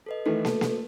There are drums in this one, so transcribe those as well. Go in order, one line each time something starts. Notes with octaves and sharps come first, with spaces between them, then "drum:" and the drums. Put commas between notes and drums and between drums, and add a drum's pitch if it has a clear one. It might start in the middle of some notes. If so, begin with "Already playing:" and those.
A4 B4 D#5
D#3 E3 A3 A4 B4
A3, drum: snare
drum: snare